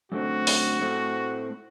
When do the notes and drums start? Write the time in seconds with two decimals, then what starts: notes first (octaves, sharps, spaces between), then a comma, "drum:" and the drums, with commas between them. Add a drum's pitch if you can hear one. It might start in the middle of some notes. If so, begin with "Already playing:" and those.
0.11 F#2 D3 A3 C4 F#4
0.47 drum: open hi-hat
0.81 A2 A3 C4